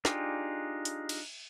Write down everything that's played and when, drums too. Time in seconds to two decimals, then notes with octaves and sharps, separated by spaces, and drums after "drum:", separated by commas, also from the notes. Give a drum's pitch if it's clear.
0.05 D4 D#4 F4 G4 G#4, drum: snare
0.85 drum: hi-hat
1.09 drum: cymbal